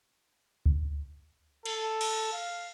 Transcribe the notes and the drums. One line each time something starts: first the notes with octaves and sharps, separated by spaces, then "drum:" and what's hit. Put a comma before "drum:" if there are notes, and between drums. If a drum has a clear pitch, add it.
drum: kick C#2
A4, drum: cymbal
drum: cymbal
F5